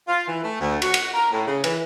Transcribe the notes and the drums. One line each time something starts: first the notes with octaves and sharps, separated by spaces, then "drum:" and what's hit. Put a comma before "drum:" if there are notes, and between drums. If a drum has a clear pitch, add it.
F4
E3
A3
D2
F#4, drum: cymbal
drum: cymbal
A#4
A2
C#3
E3, drum: cymbal